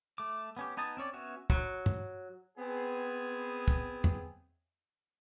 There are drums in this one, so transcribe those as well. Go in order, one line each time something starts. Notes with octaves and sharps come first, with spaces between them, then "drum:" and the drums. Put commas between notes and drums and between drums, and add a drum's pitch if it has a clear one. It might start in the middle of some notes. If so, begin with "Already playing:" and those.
A3 D6
B3 C#4 G4
B3 D#4 G#5 A5 D#6
C4 C#4 C#5 D5
B3 C#4 F#4 C#5 E5
F#3, drum: kick
drum: tom
B3 C4 G#4
drum: kick
drum: tom E2